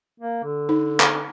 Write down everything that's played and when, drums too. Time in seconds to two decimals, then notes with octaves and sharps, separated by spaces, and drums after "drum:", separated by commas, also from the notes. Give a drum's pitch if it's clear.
0.20 A#3
0.43 D3
0.69 D#4
1.00 drum: clap